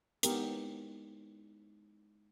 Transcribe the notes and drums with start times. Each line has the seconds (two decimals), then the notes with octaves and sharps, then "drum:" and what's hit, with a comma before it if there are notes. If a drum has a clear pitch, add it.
0.23 G#3 B3 D#4 E4 G4 A#4, drum: hi-hat